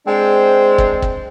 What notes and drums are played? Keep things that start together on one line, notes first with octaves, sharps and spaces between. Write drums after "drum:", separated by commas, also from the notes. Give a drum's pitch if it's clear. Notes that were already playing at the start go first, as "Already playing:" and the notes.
G#3 C4 D4 C5
drum: kick
drum: kick